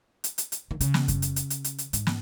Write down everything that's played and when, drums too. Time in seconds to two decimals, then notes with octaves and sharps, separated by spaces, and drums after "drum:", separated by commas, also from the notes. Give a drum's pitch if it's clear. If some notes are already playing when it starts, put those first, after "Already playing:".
0.24 drum: hi-hat
0.38 drum: hi-hat
0.52 drum: hi-hat
0.71 D#3
0.81 C#3, drum: hi-hat
0.94 drum: snare
1.08 drum: kick F#2, hi-hat
1.22 drum: hi-hat
1.36 drum: hi-hat
1.50 drum: hi-hat
1.64 drum: hi-hat
1.78 drum: hi-hat
1.93 G#2, drum: hi-hat
2.07 drum: snare